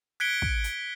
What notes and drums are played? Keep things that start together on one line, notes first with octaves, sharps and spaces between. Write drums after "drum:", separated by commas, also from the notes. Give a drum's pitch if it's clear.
F#6 G#6 B6 C#7 D7 G7
drum: kick
drum: hi-hat